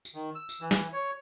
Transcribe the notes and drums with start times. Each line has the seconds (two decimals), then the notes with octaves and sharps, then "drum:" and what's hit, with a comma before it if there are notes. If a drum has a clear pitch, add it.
0.05 drum: tambourine
0.15 D#3
0.35 E6
0.49 drum: tambourine
0.61 E3
0.71 drum: snare
0.93 C#5